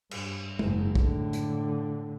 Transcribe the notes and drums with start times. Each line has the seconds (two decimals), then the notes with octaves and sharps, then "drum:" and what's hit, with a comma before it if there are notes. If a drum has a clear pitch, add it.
0.11 G2, drum: cymbal
0.59 F#1 G#2, drum: tom
0.95 A2 D3, drum: kick
1.33 drum: hi-hat